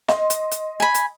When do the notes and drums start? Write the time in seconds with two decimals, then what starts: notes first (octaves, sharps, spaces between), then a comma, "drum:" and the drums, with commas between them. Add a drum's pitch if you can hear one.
0.08 D#5 C6, drum: snare
0.30 drum: hi-hat
0.51 drum: hi-hat
0.80 G#5 B5
0.94 drum: hi-hat